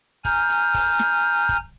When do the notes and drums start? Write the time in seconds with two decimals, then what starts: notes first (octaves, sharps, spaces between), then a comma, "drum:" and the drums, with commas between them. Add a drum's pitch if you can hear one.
0.25 G#5 A#5 F6 G6, drum: kick, hi-hat
0.49 drum: hi-hat
0.74 drum: kick, open hi-hat
0.99 drum: snare
1.49 drum: kick, hi-hat